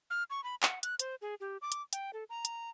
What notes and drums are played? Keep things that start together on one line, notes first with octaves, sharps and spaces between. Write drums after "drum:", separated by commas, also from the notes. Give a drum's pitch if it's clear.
F6
C#6
B5
F#5, drum: clap
F#6, drum: hi-hat
C5, drum: hi-hat
G#4
G4
D6
drum: hi-hat
G5, drum: hi-hat
A4
A#5
drum: hi-hat